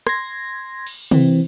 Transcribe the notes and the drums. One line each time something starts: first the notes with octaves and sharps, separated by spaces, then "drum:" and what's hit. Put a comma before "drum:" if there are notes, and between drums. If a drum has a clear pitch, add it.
C6 G#6 A#6, drum: rim click
drum: cymbal
E3 C4, drum: tom